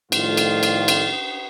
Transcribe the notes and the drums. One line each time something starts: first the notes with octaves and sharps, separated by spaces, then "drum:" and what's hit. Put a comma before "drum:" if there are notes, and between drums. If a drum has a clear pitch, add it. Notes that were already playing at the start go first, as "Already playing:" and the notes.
A2 D#3 F3 G3 A3 F4, drum: cymbal
drum: cymbal
drum: cymbal
drum: cymbal